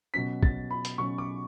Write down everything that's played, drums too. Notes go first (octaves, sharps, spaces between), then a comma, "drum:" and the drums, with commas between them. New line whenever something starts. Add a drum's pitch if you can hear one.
B2 F#3 C#4 B6
A6, drum: kick
B5
drum: hi-hat
B2 F#3 C#4 C#6
D6